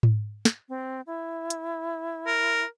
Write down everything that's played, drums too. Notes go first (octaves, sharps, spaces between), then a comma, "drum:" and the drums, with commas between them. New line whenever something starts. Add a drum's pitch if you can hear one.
drum: tom G#2
drum: snare
C4
E4
drum: hi-hat
A#4